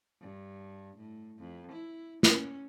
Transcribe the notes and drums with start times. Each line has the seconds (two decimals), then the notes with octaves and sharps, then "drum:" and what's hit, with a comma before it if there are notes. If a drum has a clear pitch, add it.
0.21 G2
0.97 A2
1.39 F2
1.72 E4
2.23 C#4, drum: snare